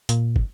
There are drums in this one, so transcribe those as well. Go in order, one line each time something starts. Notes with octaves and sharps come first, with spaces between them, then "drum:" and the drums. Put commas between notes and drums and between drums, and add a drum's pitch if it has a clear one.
A#2, drum: hi-hat
drum: kick